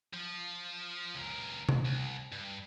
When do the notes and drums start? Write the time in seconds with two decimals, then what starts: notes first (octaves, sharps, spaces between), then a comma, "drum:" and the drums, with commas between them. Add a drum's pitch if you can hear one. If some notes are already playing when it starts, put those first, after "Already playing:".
0.13 F3
1.15 C#2 A#4
1.69 drum: tom C3
1.85 C2
2.32 G2